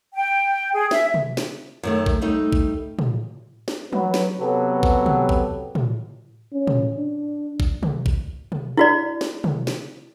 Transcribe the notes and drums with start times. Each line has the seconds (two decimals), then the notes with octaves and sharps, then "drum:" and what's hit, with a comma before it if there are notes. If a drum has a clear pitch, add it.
0.14 G5
0.73 G#4
0.91 E5, drum: snare
1.14 drum: tom
1.37 drum: snare
1.83 F#2 D#3 A3
2.06 drum: kick
2.22 G3 A3 D#4
2.52 drum: kick
2.99 drum: tom
3.68 drum: snare
3.93 F#3 B4, drum: tom
4.14 drum: snare
4.39 C3 F#3 B3 G4 A4 B4
4.83 drum: kick
5.06 drum: tom
5.29 drum: kick
5.75 drum: tom
6.53 C#4
6.67 drum: tom
6.97 D4
7.60 drum: kick
7.83 drum: tom
8.06 drum: kick
8.52 drum: tom
8.77 E4 F#4 D5
9.21 drum: snare
9.44 drum: tom
9.67 drum: snare